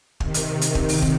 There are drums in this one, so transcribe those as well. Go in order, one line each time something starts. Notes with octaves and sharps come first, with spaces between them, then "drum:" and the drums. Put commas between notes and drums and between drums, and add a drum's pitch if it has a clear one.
C3 D#3, drum: kick
drum: hi-hat
drum: hi-hat
drum: kick
drum: open hi-hat
drum: kick